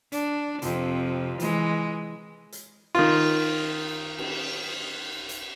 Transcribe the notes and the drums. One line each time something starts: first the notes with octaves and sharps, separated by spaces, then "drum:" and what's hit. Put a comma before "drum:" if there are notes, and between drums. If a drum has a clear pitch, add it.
D4, drum: hi-hat
F2 C3, drum: hi-hat
E3 G#3, drum: hi-hat
drum: hi-hat
D#3 F4, drum: cymbal
drum: cymbal
drum: hi-hat